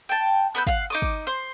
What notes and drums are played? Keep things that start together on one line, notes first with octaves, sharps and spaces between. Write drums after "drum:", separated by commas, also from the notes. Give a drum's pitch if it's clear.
G5 A5
B3 B4 E6 G6
F5 F#5, drum: kick
D#4 D6 D#6
drum: kick
C5